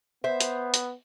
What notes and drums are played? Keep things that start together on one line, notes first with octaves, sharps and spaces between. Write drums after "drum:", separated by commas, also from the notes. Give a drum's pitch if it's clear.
B3 C5 E5
drum: hi-hat
drum: hi-hat